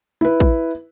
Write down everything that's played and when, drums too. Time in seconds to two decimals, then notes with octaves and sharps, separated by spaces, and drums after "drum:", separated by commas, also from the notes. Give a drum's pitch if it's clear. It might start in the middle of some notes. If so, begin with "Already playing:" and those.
0.21 E4 B4
0.40 drum: kick